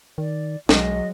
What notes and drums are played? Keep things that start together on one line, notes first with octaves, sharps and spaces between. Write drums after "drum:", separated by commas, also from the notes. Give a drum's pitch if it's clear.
D#3 D5
B1 F#3 G#3 D#5, drum: snare